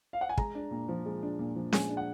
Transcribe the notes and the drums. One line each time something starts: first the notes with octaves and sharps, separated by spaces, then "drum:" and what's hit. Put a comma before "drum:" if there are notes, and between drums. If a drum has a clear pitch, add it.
F5
F#5
G#5
G#3 A#5, drum: kick
D4
A#2
F3
G#3
D4
A#2
F3
G#3 G#5, drum: snare C#4
D4
F#5